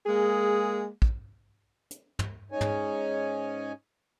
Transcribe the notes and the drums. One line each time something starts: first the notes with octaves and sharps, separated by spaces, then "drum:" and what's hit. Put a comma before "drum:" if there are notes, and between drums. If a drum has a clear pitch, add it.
G#3 A#3 G#4
drum: kick
drum: hi-hat
drum: tom
G#2 C#4 D#4 C#5 G#5
drum: tom